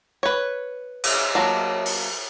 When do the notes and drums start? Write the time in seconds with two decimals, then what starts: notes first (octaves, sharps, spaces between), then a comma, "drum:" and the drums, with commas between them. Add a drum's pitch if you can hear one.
0.23 B4 C#5
1.04 drum: cymbal
1.35 F#3 A3 A#3 F4
1.85 drum: open hi-hat